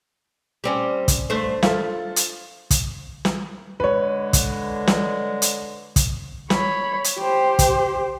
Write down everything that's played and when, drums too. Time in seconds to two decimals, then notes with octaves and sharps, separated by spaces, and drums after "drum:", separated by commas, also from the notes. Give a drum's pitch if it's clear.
0.64 G3 C4 C#4
1.08 drum: kick, hi-hat
1.30 G2 A3 C5
1.63 F4 A4 E5, drum: snare
2.16 drum: hi-hat
2.71 drum: kick, hi-hat
3.25 drum: snare
3.80 D3 G#3 B4 C#5
4.33 drum: kick, hi-hat
4.87 drum: snare
5.42 drum: hi-hat
5.96 drum: kick, hi-hat
6.50 C#5 B5, drum: snare
7.04 drum: hi-hat
7.19 G4 C5
7.59 drum: kick, hi-hat